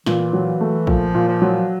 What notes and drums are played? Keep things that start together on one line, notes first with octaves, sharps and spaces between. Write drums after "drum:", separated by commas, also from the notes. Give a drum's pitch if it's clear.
A#2 E3, drum: snare
F#3
A3
A#2 F3, drum: kick
A#2
F3
F#3